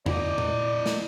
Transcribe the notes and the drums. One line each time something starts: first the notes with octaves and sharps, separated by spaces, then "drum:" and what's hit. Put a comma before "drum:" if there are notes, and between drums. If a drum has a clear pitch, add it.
E4 D5 D#5, drum: tom E2
drum: tom A#2
drum: snare